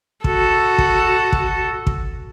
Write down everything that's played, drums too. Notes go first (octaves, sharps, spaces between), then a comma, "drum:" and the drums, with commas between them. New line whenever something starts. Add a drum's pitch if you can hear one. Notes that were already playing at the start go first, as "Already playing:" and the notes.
F#4 A4, drum: kick
drum: kick
drum: kick
drum: kick